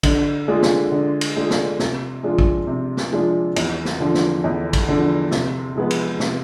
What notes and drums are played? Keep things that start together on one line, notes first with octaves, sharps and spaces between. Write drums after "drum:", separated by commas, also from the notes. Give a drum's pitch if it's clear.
D3, drum: kick, cymbal
G#3 D4 F4 G#4
drum: snare
D3
drum: cymbal
G#3 D4 F4 G#4
drum: snare
C3, drum: snare
F3 G#3 D4 F4
drum: kick
C3
drum: snare
F3 G#3 D4 F4
E2, drum: cymbal
drum: snare
D3 F3
drum: snare
E2
drum: kick, cymbal
D3 F3
C3, drum: snare
F3 G#3 B3
drum: cymbal
C3, drum: snare